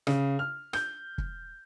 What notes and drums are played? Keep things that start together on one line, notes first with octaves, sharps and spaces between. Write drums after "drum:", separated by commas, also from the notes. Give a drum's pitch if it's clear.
C#3, drum: rim click
F6
G6, drum: rim click
drum: kick